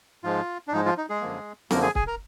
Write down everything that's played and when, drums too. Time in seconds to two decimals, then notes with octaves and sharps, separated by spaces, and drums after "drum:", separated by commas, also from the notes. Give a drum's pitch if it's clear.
0.24 G#2 F3 G#3 F4
0.68 D4
0.72 G#2 F3 G#3 D#4
0.86 F3 F4
0.98 D#4
1.10 G#3 G#4
1.21 F#2 D3 F3 A#3
1.71 F#2 D3 F3 A#3 A#4, drum: snare C4
1.82 G#4 G#5
1.95 G#4 G#5, drum: kick
2.07 A#4 A#5